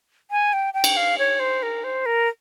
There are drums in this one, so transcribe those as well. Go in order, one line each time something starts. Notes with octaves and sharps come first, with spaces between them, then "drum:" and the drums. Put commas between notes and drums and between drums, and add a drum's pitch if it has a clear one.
G#5
G5
G5
drum: cymbal
F5
C#5
C5
A#4
C5
A#4